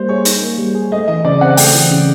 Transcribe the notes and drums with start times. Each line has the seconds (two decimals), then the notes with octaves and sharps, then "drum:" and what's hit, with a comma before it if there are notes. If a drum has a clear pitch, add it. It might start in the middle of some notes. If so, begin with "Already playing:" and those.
Already playing: G3 A#3 C5
0.08 G#4 C#5
0.25 D#4, drum: hi-hat
0.42 A#3
0.58 G3
0.75 G#4
0.92 A3 D#5
1.08 E3 D#5
1.25 C#3 D5
1.41 C4 F#5
1.57 A3 G5, drum: open hi-hat
1.74 E3
1.91 C#3